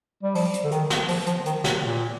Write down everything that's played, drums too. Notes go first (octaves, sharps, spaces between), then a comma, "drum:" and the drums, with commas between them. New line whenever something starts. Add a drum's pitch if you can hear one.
G3
F3, drum: open hi-hat
drum: hi-hat
D3
D#3, drum: hi-hat
drum: snare
F3, drum: open hi-hat
F3, drum: hi-hat
D#3, drum: hi-hat
C3, drum: snare
A#2